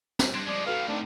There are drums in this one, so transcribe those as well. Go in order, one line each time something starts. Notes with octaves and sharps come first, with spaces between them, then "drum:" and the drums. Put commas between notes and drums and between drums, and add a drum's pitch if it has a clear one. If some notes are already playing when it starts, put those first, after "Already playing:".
F#5 A#5, drum: snare
G3 D4 D#4 C6 G#6
F3 G#3 D5
A2 D#3 F#4 A4 B4 F5
A3 C4 D4 D#4